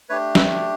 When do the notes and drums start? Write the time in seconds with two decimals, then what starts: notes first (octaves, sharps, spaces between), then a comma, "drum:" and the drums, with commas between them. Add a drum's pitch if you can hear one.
0.09 A3 D4 G4 B4 C#5
0.35 A4 B4, drum: snare